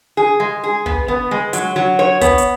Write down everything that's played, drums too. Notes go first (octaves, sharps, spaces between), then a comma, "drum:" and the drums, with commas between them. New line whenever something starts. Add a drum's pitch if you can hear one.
G#4
G#3
G#4
B3, drum: kick
B3
G#3
F#3, drum: hi-hat
F#3
C#5
B3, drum: kick, hi-hat
drum: hi-hat